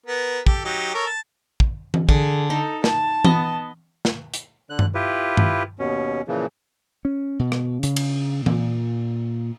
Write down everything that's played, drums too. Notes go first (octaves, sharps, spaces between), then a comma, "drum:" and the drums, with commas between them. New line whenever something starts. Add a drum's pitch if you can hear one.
B3 A#4
G4 A4, drum: kick
F#3 D#4 G4
A4 A#4 C#5
A5
drum: kick
drum: tom E3
D3 G#4, drum: kick
D#4 A4
A5, drum: snare
B3 D#5, drum: tom E3
drum: snare
drum: hi-hat
D3 F#6
drum: tom G2
E4 F4 G4 B4
drum: tom G2
D#2 B2 C#4
A#2 C#3 E3 F3
C#4
B2
drum: rim click
C#3, drum: hi-hat
drum: cymbal
A#2, drum: tom E3